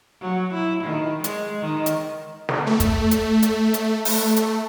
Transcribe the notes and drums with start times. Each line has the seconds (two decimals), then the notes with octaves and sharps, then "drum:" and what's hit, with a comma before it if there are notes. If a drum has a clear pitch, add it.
0.21 F#3
0.54 E4
0.84 D#3
1.24 G#3, drum: hi-hat
1.62 D#3
1.86 drum: hi-hat
2.49 drum: snare
2.67 A3
2.80 drum: kick, hi-hat
3.11 drum: hi-hat
3.43 drum: hi-hat
3.74 drum: hi-hat
4.05 A3, drum: open hi-hat
4.36 drum: hi-hat